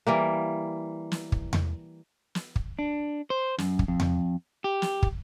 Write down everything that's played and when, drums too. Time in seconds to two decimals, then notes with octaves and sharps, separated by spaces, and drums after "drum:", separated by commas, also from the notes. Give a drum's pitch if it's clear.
0.07 E3 G3 A#3
1.12 drum: snare
1.32 drum: kick
1.53 drum: tom E2
2.35 drum: snare
2.56 drum: kick
2.79 D4
3.30 C5
3.58 F#2, drum: snare
3.79 drum: kick
3.88 F2
4.00 drum: tom E2
4.64 G4
4.82 drum: snare
5.03 drum: kick